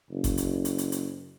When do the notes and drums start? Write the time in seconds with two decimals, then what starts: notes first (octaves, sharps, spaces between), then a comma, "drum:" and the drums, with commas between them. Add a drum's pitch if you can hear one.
0.10 F#1
0.24 drum: kick G1, hi-hat
0.38 drum: hi-hat
0.65 drum: hi-hat
0.78 drum: hi-hat
0.92 drum: hi-hat